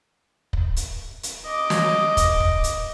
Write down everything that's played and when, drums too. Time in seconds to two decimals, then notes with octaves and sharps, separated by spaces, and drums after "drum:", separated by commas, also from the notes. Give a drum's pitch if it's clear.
0.53 drum: kick
0.76 drum: hi-hat
1.23 drum: hi-hat
1.47 D#5 D6
1.70 drum: snare
2.17 drum: kick, hi-hat
2.40 drum: kick
2.64 drum: hi-hat